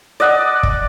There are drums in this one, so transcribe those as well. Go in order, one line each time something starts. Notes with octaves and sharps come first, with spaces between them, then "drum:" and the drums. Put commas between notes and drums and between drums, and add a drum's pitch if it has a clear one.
D5 D#5 F#5
drum: kick